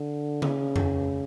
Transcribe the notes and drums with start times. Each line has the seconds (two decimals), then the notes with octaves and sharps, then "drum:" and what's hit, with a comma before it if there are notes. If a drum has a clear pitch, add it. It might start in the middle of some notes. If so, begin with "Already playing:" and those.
Already playing: D3
0.42 C#3, drum: tom C#3
0.76 drum: tom F2